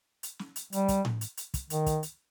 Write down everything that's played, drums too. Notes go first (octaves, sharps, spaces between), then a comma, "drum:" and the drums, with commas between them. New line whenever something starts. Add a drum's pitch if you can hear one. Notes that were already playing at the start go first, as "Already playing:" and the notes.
drum: hi-hat
drum: snare
drum: hi-hat
G3, drum: hi-hat
drum: kick, hi-hat
drum: tom A2
drum: hi-hat
drum: hi-hat
drum: kick, hi-hat
D#3, drum: hi-hat
drum: kick, hi-hat
drum: hi-hat